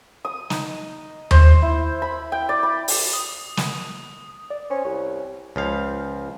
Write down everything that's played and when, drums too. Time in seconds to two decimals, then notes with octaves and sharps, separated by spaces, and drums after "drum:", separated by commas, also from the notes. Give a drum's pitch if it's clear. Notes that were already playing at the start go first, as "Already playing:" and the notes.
0.25 D#6
0.50 D#4, drum: snare
1.31 C5, drum: tom D#2
1.62 E4
2.02 B5
2.32 G5
2.49 D5
2.63 B5
2.88 drum: open hi-hat
3.13 D#6
3.57 drum: snare
4.50 D5
4.70 C#4 C5
4.85 C2 C#5
5.56 C#2 F3 F5